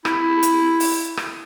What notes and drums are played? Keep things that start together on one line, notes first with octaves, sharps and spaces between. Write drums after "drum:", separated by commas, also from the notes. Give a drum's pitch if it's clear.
E4, drum: rim click
drum: hi-hat
drum: open hi-hat
drum: rim click